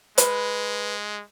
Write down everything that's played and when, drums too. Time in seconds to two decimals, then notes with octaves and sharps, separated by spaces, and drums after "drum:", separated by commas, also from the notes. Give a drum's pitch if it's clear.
0.18 G#3 B4, drum: hi-hat